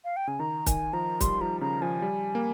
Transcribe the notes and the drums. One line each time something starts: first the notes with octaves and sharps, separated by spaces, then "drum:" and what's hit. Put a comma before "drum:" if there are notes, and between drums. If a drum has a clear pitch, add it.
F5
G5
C#3 G#5
D#3 A#5
D#3 G#5, drum: kick, hi-hat
F3 A#5
G3 C6, drum: kick, hi-hat
F3 A#5
C#3 A#5
F3 G#5
G3
A#3